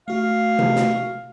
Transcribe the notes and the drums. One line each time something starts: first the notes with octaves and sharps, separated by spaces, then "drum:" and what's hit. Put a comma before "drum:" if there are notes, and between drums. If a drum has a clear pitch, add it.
A3 F#4 F5
drum: tom C3
drum: snare